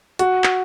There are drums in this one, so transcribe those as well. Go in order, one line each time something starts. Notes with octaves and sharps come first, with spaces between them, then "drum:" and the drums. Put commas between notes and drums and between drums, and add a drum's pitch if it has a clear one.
F#4, drum: hi-hat
drum: clap